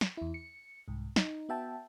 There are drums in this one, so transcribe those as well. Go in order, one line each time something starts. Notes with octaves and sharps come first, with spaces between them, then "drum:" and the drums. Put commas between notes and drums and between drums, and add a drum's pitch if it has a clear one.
drum: snare
E2 E4
C#7
C2 G#2
D#4, drum: snare
B3 F#4 E5 G5 A5